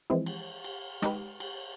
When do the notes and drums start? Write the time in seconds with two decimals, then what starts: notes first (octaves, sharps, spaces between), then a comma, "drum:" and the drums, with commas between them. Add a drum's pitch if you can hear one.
0.10 E3 F3 G#3 C4 E4
0.26 drum: cymbal
0.64 drum: cymbal
1.02 G#3 D#4 G4 B4, drum: rim click
1.40 drum: cymbal